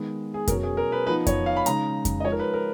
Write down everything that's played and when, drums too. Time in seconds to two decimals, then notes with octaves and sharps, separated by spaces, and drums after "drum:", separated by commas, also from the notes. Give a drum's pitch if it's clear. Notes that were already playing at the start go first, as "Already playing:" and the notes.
Already playing: D#3 G#3 B3 D#4
0.34 G#4
0.47 B2 F#3 C#4 A#4, drum: kick F2, hi-hat
0.63 G#4
0.77 A#4
0.92 B4
1.06 F3 B3 D#4 B4
1.27 C#5, drum: kick F2, hi-hat
1.46 F5
1.56 B5
1.66 C#3 G#3 D#4 A#5, drum: hi-hat
2.05 drum: kick F2, hi-hat
2.20 D#5
2.24 F3 G#3 D#4 C#5
2.32 A#4
2.39 B4
2.54 A#4